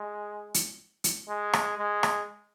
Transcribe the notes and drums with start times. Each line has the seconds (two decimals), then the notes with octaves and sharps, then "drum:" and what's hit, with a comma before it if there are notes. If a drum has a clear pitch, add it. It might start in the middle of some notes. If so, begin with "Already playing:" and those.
Already playing: G#3
0.54 drum: hi-hat
1.04 drum: hi-hat
1.29 G#3
1.53 drum: rim click
1.78 G#3
2.03 drum: rim click